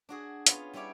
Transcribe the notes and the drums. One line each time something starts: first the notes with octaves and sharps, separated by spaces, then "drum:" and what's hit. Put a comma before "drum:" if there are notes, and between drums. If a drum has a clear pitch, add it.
D4 F#4 G#4
B3 C#4 F4, drum: hi-hat
G3 C#4 E4 G4 C#5 D5